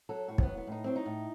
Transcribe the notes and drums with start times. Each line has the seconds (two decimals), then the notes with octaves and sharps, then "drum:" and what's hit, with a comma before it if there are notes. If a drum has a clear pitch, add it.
0.09 F#3 A4
0.28 A2 F#4
0.38 C4, drum: kick
0.43 F#3 B3
0.57 B3
0.67 A2 D#4
0.84 F#3 C4
0.96 D#4
1.06 A2